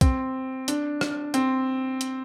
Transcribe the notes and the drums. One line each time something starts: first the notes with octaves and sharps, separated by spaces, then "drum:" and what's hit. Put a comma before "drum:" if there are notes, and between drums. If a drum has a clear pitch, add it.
C4, drum: kick B1, hi-hat
D4, drum: hi-hat
drum: rim click
C4, drum: hi-hat
drum: hi-hat